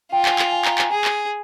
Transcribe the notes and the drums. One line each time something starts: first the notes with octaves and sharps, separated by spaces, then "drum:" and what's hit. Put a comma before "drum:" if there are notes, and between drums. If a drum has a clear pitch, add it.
F4 G5
G#5, drum: clap
G#5, drum: clap
G#5
A#5, drum: clap
G#5, drum: clap
G#4 G#5
drum: clap